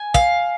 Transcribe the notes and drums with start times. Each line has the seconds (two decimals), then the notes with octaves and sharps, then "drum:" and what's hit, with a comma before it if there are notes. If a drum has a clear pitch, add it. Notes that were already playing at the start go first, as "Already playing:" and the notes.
Already playing: G#5
0.14 F5, drum: kick, hi-hat